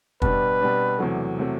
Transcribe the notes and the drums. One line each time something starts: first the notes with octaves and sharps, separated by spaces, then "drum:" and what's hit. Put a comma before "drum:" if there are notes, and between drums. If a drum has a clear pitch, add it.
B2 G3 D4 B4, drum: kick
B2 G3 D4
E2 C3 F#3 A3
C3 F#3 A3